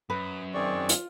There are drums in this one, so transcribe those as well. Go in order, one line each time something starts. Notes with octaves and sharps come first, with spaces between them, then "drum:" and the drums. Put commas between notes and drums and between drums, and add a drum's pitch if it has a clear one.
F#2 B4 D#6
D#3 C4 G#4 D5 C#6
F4, drum: hi-hat